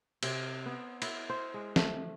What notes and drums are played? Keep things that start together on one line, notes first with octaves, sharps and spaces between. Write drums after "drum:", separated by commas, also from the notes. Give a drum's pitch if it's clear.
C3, drum: cymbal
B3
E4, drum: cymbal
C5
G#3
A3, drum: snare